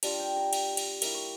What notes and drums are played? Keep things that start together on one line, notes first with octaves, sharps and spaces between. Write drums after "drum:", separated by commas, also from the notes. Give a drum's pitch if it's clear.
G3 D4 F4 A5, drum: cymbal
G5
A#5
drum: cymbal
drum: cymbal
A#3 E4 A#5, drum: cymbal
C#6